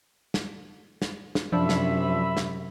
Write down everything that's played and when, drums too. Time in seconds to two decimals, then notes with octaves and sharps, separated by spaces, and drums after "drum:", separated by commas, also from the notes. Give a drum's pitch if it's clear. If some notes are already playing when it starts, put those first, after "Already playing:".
0.34 drum: snare
1.02 drum: snare
1.35 drum: snare
1.52 F#2 C3 F3 D4 E5 B5 E6
1.69 drum: snare
2.37 drum: snare